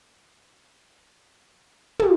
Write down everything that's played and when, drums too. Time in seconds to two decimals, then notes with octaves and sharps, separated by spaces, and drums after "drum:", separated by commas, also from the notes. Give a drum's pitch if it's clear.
0.25 F#4 D5 B5 D6
1.99 drum: tom